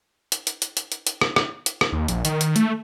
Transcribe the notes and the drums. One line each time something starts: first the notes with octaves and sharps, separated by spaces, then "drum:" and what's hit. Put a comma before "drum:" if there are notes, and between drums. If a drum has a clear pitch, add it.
drum: hi-hat
drum: hi-hat
drum: hi-hat
drum: hi-hat
drum: hi-hat
drum: hi-hat
drum: rim click
drum: rim click
drum: hi-hat
drum: rim click
D#2
A#1, drum: hi-hat
D#3, drum: hi-hat
drum: hi-hat
A3, drum: hi-hat